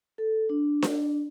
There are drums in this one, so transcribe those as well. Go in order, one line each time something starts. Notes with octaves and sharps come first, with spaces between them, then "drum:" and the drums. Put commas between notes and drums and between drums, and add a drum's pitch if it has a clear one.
A4
D4
drum: snare D4